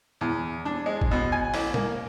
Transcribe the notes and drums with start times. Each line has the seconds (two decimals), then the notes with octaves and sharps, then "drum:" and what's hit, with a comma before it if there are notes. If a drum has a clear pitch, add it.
0.21 E2
0.65 D4
0.86 G#3
1.01 drum: kick G#1
1.11 B2
1.32 G#5
1.54 A1, drum: open hi-hat
1.74 A#3, drum: tom